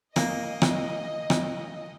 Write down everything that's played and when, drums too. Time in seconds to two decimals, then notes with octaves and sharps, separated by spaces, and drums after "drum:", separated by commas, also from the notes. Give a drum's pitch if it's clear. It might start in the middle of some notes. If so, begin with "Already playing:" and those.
0.16 A#3 D#5, drum: rim click
0.62 drum: rim click
1.30 drum: rim click